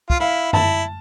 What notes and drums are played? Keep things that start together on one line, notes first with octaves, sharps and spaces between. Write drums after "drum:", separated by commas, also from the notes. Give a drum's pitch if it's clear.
F4, drum: kick
E4 F5
E4 A5, drum: tom F#2